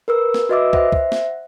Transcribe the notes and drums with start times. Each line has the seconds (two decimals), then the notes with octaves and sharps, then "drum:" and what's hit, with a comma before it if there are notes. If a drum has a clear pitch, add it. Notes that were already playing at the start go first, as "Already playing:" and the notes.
0.08 A#4 B4 E6
0.34 drum: snare
0.49 F#4 B4 D#5 E5 D6 E6
0.73 C5 E5 F#5, drum: kick
0.92 drum: kick
1.12 drum: snare